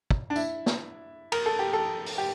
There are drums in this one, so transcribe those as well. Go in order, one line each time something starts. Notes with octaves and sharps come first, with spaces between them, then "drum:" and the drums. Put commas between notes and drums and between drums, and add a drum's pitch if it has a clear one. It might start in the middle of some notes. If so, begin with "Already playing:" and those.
drum: kick
D4
E4, drum: tambourine
drum: snare
A#4, drum: cymbal
A4
G4
A4
drum: open hi-hat
G4